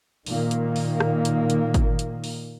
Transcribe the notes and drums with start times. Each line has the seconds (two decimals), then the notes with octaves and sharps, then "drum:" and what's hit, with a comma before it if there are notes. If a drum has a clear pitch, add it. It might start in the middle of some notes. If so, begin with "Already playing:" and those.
0.26 A#2 D#3 A#3, drum: open hi-hat
0.51 drum: hi-hat
0.76 drum: open hi-hat
1.00 drum: rim click
1.25 drum: hi-hat
1.50 drum: hi-hat
1.74 drum: kick, hi-hat
1.99 drum: hi-hat
2.24 drum: open hi-hat